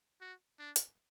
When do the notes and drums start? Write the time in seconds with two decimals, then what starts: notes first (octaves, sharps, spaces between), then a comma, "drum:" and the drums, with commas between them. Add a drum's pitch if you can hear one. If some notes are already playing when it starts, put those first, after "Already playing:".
0.21 F#4
0.59 D4
0.76 drum: hi-hat